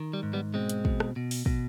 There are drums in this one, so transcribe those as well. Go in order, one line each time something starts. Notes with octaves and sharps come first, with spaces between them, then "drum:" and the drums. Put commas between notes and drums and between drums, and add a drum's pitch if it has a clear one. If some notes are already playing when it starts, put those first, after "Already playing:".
Already playing: D#3
G3
G#2
G3 B3
B2 G#3 C4
drum: hi-hat
B2, drum: kick
drum: rim click
B2
drum: open hi-hat
B2, drum: kick